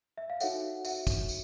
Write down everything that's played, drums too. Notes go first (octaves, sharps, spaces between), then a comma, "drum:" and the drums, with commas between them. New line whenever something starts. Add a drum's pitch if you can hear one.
E5
F5
D#4 F#4 A4 C#5 E5 F#5, drum: tambourine
E5 F#5, drum: tambourine
drum: kick, tambourine
drum: tambourine